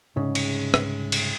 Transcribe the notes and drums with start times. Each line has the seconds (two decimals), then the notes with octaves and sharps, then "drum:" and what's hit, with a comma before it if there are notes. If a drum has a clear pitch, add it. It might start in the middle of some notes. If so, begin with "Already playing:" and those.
0.16 C2 G#2 C#3
0.35 drum: cymbal
0.74 drum: rim click
1.12 drum: cymbal